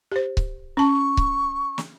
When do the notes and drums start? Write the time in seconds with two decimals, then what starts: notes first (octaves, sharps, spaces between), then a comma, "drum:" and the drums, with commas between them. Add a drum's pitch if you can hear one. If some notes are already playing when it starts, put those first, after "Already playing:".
0.12 G4 C5
0.37 drum: kick C#1
0.77 C#4 A5 C#6
1.17 drum: kick C#1
1.78 drum: snare